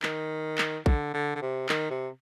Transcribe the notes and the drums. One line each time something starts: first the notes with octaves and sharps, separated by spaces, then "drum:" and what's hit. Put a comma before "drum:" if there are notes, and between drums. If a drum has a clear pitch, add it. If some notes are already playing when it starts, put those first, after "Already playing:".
D#3, drum: clap
drum: clap
D3, drum: kick
D3
D3
C3
D#3, drum: clap
C3